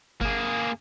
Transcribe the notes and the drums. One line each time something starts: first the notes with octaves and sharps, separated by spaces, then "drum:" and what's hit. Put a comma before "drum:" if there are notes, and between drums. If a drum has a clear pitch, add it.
A#3 G#4, drum: kick G1